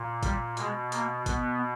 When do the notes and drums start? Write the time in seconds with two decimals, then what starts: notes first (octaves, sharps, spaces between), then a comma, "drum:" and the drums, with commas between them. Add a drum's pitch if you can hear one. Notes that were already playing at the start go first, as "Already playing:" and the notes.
Already playing: A#2
0.23 G3, drum: kick, hi-hat
0.57 B2 G#3, drum: hi-hat
0.92 A#3, drum: hi-hat
1.26 B2 B3, drum: kick, hi-hat